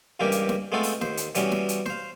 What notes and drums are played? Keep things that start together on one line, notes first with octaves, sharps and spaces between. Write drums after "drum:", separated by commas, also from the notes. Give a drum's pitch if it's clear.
C#2 G2 E3 A#3 G4 A#4
drum: hi-hat
drum: snare
G#3 A3 B3 C4 F4 A4
drum: open hi-hat
D#2 C5, drum: snare
drum: hi-hat
E3 G3 B3 C#4 F#4, drum: hi-hat
drum: snare
drum: hi-hat
C5 F5, drum: snare